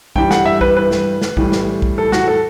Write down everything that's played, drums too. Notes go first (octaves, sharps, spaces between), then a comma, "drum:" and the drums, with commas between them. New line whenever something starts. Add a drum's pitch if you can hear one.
G2 E3 G3 G5, drum: kick
F#5, drum: snare
E5
B4, drum: kick
B4
drum: snare
drum: snare
A2 E3 G3, drum: kick
drum: snare
drum: kick
A4
F#4, drum: snare
A4